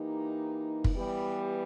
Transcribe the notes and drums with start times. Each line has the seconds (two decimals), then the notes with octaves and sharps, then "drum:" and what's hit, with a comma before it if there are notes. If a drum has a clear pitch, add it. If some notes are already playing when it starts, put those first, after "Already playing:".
Already playing: E3 A#3 D#4 G4
0.84 drum: kick
0.93 E3 G3 B3 G4